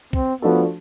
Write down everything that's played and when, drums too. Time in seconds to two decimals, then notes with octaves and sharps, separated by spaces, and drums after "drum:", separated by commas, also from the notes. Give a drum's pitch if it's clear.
0.13 C4, drum: kick
0.41 F3 A3 B3 D4 F#4 A4